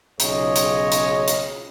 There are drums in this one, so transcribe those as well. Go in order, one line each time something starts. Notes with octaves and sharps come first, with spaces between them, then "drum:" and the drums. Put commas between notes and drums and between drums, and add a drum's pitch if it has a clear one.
B1 C#3 F4 G#4 C#5 D#5, drum: hi-hat
drum: hi-hat
drum: hi-hat
drum: hi-hat